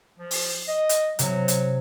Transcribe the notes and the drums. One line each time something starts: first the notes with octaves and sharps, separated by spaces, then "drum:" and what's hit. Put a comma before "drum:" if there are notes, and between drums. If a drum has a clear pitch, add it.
F3
drum: open hi-hat
D#5
drum: hi-hat
C3 F#3, drum: hi-hat
drum: hi-hat